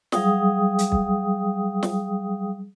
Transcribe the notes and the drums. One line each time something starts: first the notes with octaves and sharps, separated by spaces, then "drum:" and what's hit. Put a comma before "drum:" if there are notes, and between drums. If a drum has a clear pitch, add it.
F#3 G3 G#4 F5 G5 D#6, drum: snare
drum: hi-hat
drum: kick
drum: snare